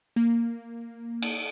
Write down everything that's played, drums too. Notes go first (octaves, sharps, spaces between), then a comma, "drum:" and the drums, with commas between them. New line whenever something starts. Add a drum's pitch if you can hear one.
A#3
drum: cymbal